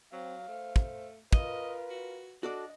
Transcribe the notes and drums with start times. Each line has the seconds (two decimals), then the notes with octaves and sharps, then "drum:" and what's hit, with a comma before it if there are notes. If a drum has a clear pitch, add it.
0.12 F#3 C4 F5
0.48 A3 C5
0.76 drum: kick
1.33 F4 A#4 B4 D#5, drum: kick
1.90 F#4
2.43 D4 F#4 A4 D5 D#5